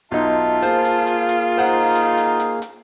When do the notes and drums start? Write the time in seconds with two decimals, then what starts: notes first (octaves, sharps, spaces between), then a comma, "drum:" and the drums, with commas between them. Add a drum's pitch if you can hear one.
0.12 B1 D#4 F4 E5 A5
0.62 A#3 G#4 C5 F5, drum: hi-hat
0.85 drum: hi-hat
1.07 drum: hi-hat
1.29 drum: hi-hat
1.58 D#4 C5 F#5
1.95 drum: hi-hat
2.18 drum: hi-hat
2.40 drum: hi-hat
2.62 drum: hi-hat